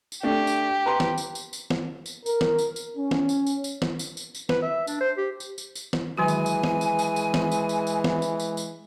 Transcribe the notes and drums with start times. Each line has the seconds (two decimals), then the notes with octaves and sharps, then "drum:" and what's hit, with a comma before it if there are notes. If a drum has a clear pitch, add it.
0.12 drum: tambourine
0.23 A3 D4 G4
0.47 drum: tambourine
0.86 B4 A#5 C6
1.00 drum: snare
1.18 drum: tambourine
1.35 drum: tambourine
1.53 drum: tambourine
1.70 drum: snare
2.06 drum: tambourine
2.26 A#4, drum: tambourine
2.41 drum: snare
2.58 drum: tambourine
2.76 drum: tambourine
2.97 C#4
3.11 drum: snare
3.29 drum: tambourine
3.47 drum: tambourine
3.64 drum: tambourine
3.82 drum: snare
3.99 drum: tambourine
4.17 drum: tambourine
4.35 drum: tambourine
4.49 B4, drum: snare
4.62 E5
4.87 D4, drum: tambourine
5.01 C5
5.18 G4
5.40 drum: tambourine
5.58 drum: tambourine
5.75 drum: tambourine
5.93 drum: snare
6.18 D#3 E3 F#3 G#3 F#4 G#5
6.28 drum: tambourine
6.46 drum: tambourine
6.63 drum: snare
6.81 drum: tambourine
6.99 drum: tambourine
7.16 drum: tambourine
7.34 drum: snare
7.52 drum: tambourine
7.69 drum: tambourine
7.87 drum: tambourine
8.04 drum: snare
8.22 drum: tambourine
8.40 drum: tambourine
8.57 drum: tambourine